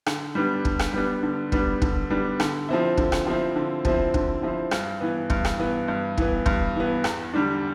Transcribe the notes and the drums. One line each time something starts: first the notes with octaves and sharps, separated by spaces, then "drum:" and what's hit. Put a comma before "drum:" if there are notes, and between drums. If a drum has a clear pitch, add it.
D3, drum: rim click
G3 B3 D4
D3, drum: kick
drum: rim click
G3 B3 D4
D3
G3 B3 D4, drum: kick
D3, drum: kick
G3 B3 D4
D3, drum: rim click
F3 C4 E4
D3, drum: kick
drum: rim click
F3 C4 E4
D3
F3 C4 E4, drum: kick
D3, drum: kick
F3 C4 E4
G2, drum: rim click
E3 B3
G2, drum: kick
drum: rim click
E3 B3
G2
E3 B3, drum: kick
G2, drum: kick
E3 B3
E2, drum: rim click
D3 G3 D4